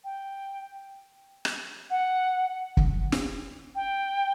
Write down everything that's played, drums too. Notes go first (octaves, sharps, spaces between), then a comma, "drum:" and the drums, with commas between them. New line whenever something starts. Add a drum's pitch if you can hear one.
G5
drum: rim click
F#5
drum: kick
drum: snare
G5